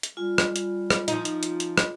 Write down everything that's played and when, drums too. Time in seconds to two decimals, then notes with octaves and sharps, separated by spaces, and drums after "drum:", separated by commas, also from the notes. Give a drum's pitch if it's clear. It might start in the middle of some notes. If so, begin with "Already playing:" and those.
0.03 drum: hi-hat
0.17 G3 F4 G#5
0.38 drum: rim click
0.56 drum: hi-hat
0.90 drum: rim click
1.08 F3 D#4, drum: hi-hat
1.25 drum: hi-hat
1.43 drum: hi-hat
1.60 drum: hi-hat
1.78 drum: rim click